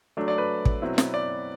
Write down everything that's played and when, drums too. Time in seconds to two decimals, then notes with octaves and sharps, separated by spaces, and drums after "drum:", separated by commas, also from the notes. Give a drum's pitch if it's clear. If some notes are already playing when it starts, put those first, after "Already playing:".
0.17 F#3 A3 D4
0.28 D5
0.38 B4
0.65 drum: kick
0.82 B2 F#3 C4 E4
0.98 drum: snare
1.14 D5